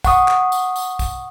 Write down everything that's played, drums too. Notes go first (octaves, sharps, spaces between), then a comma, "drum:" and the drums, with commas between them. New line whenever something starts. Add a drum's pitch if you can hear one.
F#5 C#6 D#6, drum: kick, tambourine
drum: clap
drum: tambourine
drum: tambourine
drum: kick, tambourine